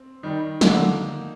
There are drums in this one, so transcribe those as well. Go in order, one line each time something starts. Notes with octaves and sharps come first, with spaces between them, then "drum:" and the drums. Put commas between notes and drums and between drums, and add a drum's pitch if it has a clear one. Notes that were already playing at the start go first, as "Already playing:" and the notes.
Already playing: C4
D#3 G3 D#4
D3 A#3, drum: snare